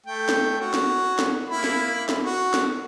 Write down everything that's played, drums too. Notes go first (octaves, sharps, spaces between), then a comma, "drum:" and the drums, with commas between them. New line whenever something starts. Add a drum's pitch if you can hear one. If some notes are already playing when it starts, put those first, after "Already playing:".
A3 G5
drum: snare
F#4 C#5
drum: snare
drum: snare
A#3 E4 B5
drum: snare
drum: snare
F#4
drum: snare